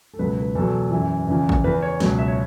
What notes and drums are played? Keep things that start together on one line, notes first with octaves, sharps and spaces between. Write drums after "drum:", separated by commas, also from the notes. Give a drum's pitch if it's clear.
A4
C#2 B2 F#3 B4
B4
E2 B2 F#3 A4
F#2 E3
E2 C#3 E3
drum: kick
E2 E3 B4
C#5
C#2 B2 F#3, drum: snare
E5
C#5